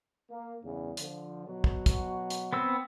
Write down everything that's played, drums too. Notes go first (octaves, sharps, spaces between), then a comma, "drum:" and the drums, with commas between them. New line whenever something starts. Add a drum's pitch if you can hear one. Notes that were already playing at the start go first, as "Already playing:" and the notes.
A#3
E2 G2 C#3
D3 F3, drum: hi-hat
B2 F#3 F#4
drum: kick
drum: kick, hi-hat
drum: hi-hat
B3 C4 E6